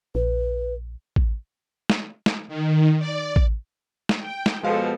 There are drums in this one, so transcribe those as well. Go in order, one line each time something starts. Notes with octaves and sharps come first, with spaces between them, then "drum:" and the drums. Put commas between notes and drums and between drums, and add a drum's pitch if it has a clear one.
A#1 B4
drum: kick A1
drum: snare
drum: snare
D#3
D5
drum: kick A1
drum: snare
G5
drum: snare
B2 F3 G#3 B3 A4 F5